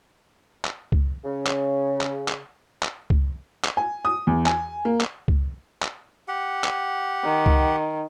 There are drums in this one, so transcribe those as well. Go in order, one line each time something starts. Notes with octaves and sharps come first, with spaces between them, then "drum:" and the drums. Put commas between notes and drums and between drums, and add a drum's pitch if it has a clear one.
drum: clap
drum: kick C#2
C#3
drum: clap
drum: clap
drum: clap
drum: clap
drum: kick C#2
drum: clap
G#5
D#6
E2
G#5, drum: clap
A#3
drum: clap
drum: kick C#2
drum: clap
G4 F#5
drum: clap
D#3
drum: kick C#2